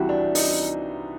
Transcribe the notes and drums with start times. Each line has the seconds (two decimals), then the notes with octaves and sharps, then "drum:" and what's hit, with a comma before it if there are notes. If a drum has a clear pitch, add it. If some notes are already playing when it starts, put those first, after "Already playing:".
Already playing: C2 C3 E3 E4 F#4 G4
0.09 D4
0.35 D#4, drum: open hi-hat